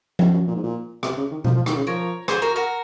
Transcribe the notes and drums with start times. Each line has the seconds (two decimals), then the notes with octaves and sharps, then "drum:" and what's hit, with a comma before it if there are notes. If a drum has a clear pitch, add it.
0.19 F2, drum: tom F3
0.33 F#2
0.47 A#2
0.56 G#2
0.63 A#2
1.03 C3, drum: rim click
1.17 C#3
1.31 D#3
1.44 F3, drum: tom B2
1.56 F3
1.66 D#3, drum: rim click
1.76 C#3
1.87 F3 A#4 C#5
2.28 G#4 C5, drum: rim click
2.42 F#4 A#4
2.56 F#4 A#4